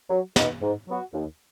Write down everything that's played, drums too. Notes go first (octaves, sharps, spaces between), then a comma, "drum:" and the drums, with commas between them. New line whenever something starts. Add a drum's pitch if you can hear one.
F#3
B3 D#4, drum: snare
G#2
F#3 B3 F#4
D#2